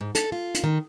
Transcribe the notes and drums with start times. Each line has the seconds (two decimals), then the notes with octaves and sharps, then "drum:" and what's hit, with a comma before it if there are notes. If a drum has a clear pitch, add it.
0.01 G#2
0.15 A4, drum: hi-hat
0.32 F4
0.54 drum: hi-hat
0.64 D#3